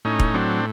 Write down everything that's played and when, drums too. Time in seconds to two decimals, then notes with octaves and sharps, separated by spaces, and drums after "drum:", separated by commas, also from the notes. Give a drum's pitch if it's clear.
0.05 A2 C#4 D#4
0.20 drum: kick
0.34 F#3 C4 D4